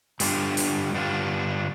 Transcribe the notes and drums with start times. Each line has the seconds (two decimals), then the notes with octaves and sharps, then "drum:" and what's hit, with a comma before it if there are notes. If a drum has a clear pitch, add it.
0.20 G2 D3 G3 D4 F4, drum: open hi-hat
0.57 drum: open hi-hat
0.93 G2 D3 G3 D4 F4